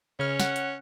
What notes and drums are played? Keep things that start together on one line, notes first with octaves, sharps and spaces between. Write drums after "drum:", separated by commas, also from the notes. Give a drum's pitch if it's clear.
C#3 C#4 F6
F#5, drum: snare
drum: hi-hat